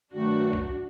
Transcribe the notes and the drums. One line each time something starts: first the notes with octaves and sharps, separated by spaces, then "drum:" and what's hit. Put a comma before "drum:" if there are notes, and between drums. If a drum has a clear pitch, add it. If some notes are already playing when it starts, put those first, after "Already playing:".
G2 D#3 F#3 A3 D4 F#4
drum: kick B1